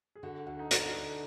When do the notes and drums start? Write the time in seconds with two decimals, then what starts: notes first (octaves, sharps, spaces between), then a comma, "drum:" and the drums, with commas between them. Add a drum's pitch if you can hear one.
0.16 G#4
0.23 D3 F#4
0.47 D2 F#4
0.59 D#4
0.71 D3 D4, drum: hi-hat
0.96 D2